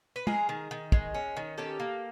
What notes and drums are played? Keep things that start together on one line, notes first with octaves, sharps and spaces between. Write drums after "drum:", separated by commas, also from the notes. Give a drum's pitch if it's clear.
B4
G#3 G#4 A#4, drum: tom
D#3
D#3
G#3, drum: kick
C#4
D#3
C#4 G4 A4
A#3